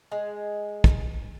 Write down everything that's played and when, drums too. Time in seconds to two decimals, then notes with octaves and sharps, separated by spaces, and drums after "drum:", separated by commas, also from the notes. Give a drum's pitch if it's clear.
0.12 G#3
0.84 drum: kick